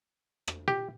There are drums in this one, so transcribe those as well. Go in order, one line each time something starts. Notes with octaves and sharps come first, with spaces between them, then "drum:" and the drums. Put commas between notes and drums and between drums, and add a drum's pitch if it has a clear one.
drum: rim click
G4, drum: tom